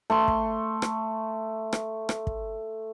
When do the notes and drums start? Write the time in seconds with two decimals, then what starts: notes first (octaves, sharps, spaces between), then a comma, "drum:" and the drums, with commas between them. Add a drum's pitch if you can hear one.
0.10 A3 C6 C#6
0.28 drum: kick
0.82 drum: rim click
1.72 drum: rim click
2.09 drum: rim click
2.27 drum: kick